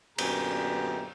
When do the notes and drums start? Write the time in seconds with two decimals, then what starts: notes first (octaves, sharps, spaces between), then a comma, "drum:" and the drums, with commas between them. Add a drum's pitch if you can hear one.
0.18 F#2 A#2 D3 B3 G4 A#5, drum: cymbal